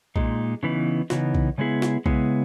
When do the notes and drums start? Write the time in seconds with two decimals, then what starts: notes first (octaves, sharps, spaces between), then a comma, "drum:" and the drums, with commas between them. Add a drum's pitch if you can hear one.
0.16 A#2 G#3 D#4, drum: kick B1
0.63 C#3 E3 B3 D#4
1.10 C#3 E3 B3 D#4, drum: snare
1.34 drum: kick B1
1.58 C#3 G#3 B3 E4 G#4
1.82 drum: snare
2.06 C#3 G#3 B3 E4 G#4, drum: kick B1